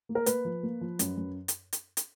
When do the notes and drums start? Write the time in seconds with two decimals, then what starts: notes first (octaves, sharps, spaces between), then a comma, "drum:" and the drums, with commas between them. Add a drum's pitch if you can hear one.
0.09 A#3
0.15 A#4
0.26 A#3 B4, drum: hi-hat
0.45 F3
0.63 A#3
0.81 F3
0.99 F#2, drum: hi-hat
1.17 F#2
1.48 drum: hi-hat
1.73 drum: hi-hat
1.97 drum: hi-hat